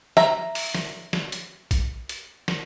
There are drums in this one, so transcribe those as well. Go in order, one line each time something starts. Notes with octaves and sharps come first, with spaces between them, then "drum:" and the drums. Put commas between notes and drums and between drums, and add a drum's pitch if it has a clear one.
E5 A#5, drum: snare
drum: open hi-hat
drum: snare
drum: snare
drum: hi-hat
drum: kick A1, hi-hat
drum: hi-hat
drum: snare